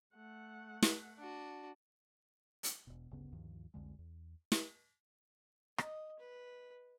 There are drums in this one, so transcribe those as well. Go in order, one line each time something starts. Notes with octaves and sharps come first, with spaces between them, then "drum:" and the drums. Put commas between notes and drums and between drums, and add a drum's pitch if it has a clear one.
A3 F#5
drum: snare
D4 F#4
drum: hi-hat
E1 B2
G1 D2 C#3 B3
D2 G2 D#3 F3
C2 F2 D3 G#3
E2
drum: snare
D#5, drum: rim click
B4